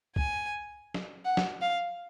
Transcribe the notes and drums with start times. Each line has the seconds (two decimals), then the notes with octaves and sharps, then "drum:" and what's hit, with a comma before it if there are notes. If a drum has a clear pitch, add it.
0.16 G#5, drum: kick
0.94 drum: snare
1.25 F#5
1.37 drum: snare
1.62 F5